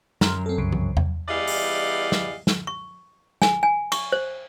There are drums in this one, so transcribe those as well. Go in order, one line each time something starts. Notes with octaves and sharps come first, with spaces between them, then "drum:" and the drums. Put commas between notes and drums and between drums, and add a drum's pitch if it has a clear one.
F#2 A#5 C6 F6, drum: snare
C4 A4
C2 G2 C#3
drum: tom E3
drum: tom E2
E2 E3 G3 D5 D#5 F5
drum: open hi-hat
drum: snare
drum: snare
C#6
G#5, drum: snare
G#5
C#6, drum: cymbal
C5